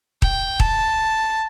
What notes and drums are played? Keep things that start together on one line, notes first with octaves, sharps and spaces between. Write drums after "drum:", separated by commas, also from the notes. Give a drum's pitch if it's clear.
G5, drum: kick D#1
A5, drum: kick D#1